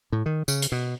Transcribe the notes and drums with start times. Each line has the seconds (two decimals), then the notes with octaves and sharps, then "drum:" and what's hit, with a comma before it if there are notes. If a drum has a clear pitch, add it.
0.12 A2
0.26 D#3
0.48 C#3, drum: tambourine
0.62 drum: hi-hat
0.72 B2